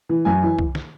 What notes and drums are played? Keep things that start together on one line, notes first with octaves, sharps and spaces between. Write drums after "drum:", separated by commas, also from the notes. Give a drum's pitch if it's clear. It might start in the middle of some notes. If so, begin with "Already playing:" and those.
E3
F#2 G#5
E3
drum: kick C2
drum: snare